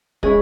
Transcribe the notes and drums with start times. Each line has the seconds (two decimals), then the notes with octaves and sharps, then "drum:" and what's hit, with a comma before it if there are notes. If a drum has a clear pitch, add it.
0.23 G#3 C#4 E4 G#4, drum: kick